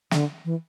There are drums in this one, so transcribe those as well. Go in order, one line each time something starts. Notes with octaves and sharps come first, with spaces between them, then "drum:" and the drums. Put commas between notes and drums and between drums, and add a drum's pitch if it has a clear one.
D3, drum: snare
E3